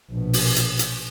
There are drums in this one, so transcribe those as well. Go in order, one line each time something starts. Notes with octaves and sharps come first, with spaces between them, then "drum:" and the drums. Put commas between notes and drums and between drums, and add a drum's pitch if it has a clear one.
A#1 B2
drum: open hi-hat
drum: hi-hat
drum: hi-hat